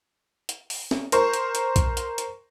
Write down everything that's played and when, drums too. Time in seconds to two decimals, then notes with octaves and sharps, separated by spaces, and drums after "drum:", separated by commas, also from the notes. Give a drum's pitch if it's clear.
0.49 drum: hi-hat
0.70 drum: open hi-hat
0.91 drum: snare
1.12 A#4 C5 C#6, drum: hi-hat
1.33 drum: hi-hat
1.55 drum: hi-hat
1.76 drum: kick, hi-hat
1.97 drum: hi-hat
2.18 drum: hi-hat